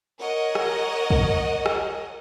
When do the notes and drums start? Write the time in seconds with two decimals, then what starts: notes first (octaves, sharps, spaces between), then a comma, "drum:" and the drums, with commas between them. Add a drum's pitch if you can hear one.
0.18 A#4 C#5 D#5 F#5
0.55 drum: rim click
1.10 drum: kick
1.66 drum: rim click